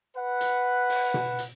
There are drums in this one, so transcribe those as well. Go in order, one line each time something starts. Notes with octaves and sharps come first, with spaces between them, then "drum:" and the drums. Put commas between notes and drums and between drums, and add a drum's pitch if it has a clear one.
B4 F#5
drum: hi-hat
drum: open hi-hat
drum: tom B2
drum: hi-hat